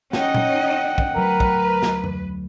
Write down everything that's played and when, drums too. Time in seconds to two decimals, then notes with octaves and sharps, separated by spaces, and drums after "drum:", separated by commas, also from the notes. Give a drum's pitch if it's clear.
0.13 C#4 D#4 D#5 F#5 G5, drum: snare
0.34 drum: tom A#2
0.98 drum: kick
1.16 D2 F#3 A3 A#4 B4
1.40 drum: kick
1.83 drum: snare
2.04 drum: tom F2